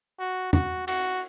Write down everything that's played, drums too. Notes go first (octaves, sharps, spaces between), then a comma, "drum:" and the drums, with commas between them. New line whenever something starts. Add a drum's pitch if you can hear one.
F#4
F#4, drum: tom
F#4, drum: cymbal